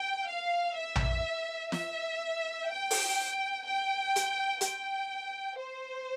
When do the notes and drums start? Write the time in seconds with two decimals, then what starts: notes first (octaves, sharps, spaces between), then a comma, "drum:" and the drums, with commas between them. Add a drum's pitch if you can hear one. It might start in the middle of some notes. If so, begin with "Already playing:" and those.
Already playing: G5
0.28 F5
0.76 E5
0.95 drum: tom A#1
1.72 E5, drum: snare
2.69 G5
2.91 drum: open hi-hat
3.64 G5
4.16 drum: hi-hat
4.61 G5, drum: hi-hat
5.58 C5